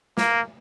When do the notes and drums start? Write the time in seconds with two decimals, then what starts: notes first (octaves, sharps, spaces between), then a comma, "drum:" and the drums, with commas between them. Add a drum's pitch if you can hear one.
0.18 A#3, drum: snare